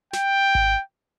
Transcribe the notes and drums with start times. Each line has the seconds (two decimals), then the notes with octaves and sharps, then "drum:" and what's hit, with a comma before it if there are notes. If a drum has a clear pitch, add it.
0.13 G5, drum: snare
0.55 drum: kick G#1